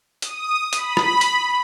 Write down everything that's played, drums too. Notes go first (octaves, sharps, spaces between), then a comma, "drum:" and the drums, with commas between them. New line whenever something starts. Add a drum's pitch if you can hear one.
D#6, drum: hi-hat
B5, drum: hi-hat
drum: rim click
drum: hi-hat